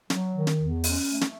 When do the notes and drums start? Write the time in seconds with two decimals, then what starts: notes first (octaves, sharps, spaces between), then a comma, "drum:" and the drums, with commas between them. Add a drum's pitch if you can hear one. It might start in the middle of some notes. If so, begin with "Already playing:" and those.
0.10 F#3, drum: snare
0.34 D#3
0.47 drum: snare
0.59 E2
0.84 C#4, drum: open hi-hat
1.09 A3
1.21 drum: snare